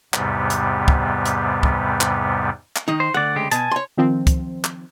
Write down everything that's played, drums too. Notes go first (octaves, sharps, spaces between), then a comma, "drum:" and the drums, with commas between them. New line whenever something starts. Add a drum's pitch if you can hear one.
E2 G#2 C3 G3 B3, drum: clap
drum: hi-hat
drum: kick
drum: hi-hat
drum: kick
drum: clap
drum: clap
D#3 D#4
C5
D2 D5 F#5
C#3 G#3 G4
B2 G#5 A5, drum: hi-hat
C#5 C6
D#3 F3 C4
drum: kick, hi-hat
drum: clap